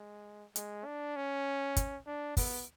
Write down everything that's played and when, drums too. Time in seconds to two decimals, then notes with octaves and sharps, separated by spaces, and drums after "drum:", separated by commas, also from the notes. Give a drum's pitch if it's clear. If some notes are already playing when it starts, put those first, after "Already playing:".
Already playing: G#3
0.56 G#3, drum: hi-hat
0.86 D4
1.16 C#4
1.77 drum: kick, hi-hat
2.07 D4
2.37 B3, drum: kick, open hi-hat